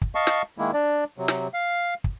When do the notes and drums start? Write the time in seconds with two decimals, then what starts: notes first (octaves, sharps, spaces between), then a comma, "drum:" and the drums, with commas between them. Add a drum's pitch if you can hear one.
0.02 drum: kick
0.15 D#5 F5 A5 C#6
0.27 drum: snare
0.58 D#3 G#3 A#3 E4
0.73 D4 D5
1.18 C3 F#3
1.28 drum: snare
1.54 F5
2.04 drum: kick